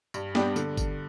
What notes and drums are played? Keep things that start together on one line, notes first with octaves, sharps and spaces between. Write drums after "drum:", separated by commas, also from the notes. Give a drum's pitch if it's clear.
G2, drum: tambourine
G3 B3 D4 G4, drum: snare
D3, drum: tambourine
drum: kick G1, tambourine